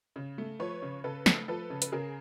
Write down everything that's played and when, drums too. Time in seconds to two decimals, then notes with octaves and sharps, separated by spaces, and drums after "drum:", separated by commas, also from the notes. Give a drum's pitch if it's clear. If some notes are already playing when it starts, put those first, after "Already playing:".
0.16 C#3
0.38 A3
0.60 F3 B4 C#5
0.82 C#3
1.04 C#3 A4 B4
1.26 A3, drum: snare
1.48 F3 A4 B4
1.70 C#3
1.82 B4, drum: hi-hat
1.92 C#3 G#4 A#4